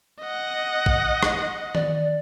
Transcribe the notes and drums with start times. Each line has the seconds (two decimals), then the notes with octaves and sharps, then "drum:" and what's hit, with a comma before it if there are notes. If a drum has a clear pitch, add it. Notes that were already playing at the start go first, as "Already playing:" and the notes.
0.21 D#5 F#5
0.86 drum: kick
1.23 drum: rim click
1.75 D5, drum: tom D#3